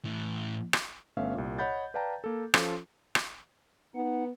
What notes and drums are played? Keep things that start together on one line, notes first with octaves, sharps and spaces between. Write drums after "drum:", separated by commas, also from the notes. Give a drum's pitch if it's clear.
A2 E3
drum: rim click
G1 A3 B3 C#4 E5 F5
C2 A#2
C#5 D#5 F#5 B5 G6 A6
B4 D5 F5 G5 A5 A#5
A#3 A4
F3 C#4 F4 A4, drum: rim click
drum: rim click
B3 D#4 F#5